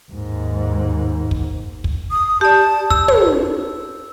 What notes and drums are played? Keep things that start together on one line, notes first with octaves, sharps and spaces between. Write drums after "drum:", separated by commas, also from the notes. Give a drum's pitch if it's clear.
D#2 G#2
drum: kick
drum: kick
D#6
G4 D5 A5
E6, drum: kick
drum: tom